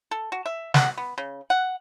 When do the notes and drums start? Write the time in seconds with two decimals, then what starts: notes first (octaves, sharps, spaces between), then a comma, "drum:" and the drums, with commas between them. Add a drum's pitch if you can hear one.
0.11 A4
0.32 F#4
0.46 E5
0.74 F#5, drum: snare
0.98 B3
1.18 C#3
1.50 F#5